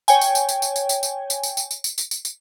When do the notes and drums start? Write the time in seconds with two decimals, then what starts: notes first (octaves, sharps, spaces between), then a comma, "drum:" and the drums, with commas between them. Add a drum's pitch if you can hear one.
0.08 C#5 G5 G#5, drum: tambourine
0.21 drum: tambourine
0.35 drum: tambourine
0.49 drum: tambourine
0.62 drum: tambourine
0.76 drum: tambourine
0.89 drum: tambourine
1.03 drum: tambourine
1.30 drum: tambourine
1.43 drum: tambourine
1.57 drum: tambourine
1.71 drum: tambourine
1.84 drum: tambourine
1.98 drum: tambourine
2.11 drum: tambourine
2.25 drum: tambourine